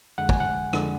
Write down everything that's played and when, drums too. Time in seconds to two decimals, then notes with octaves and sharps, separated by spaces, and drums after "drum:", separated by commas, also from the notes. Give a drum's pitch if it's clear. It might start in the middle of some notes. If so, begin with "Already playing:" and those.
0.18 F2 D3 G#3 F#5
0.29 G#5, drum: kick
0.40 F#5
0.73 F2 D3 G#3, drum: rim click